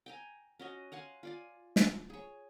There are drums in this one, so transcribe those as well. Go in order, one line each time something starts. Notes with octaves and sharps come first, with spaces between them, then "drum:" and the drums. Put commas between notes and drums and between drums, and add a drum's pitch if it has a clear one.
G5 G#5 A#5
C#4 F#4 D#5
F5 F#5 G#5 C6
F4 D5 G#5
drum: snare
G#4 C#5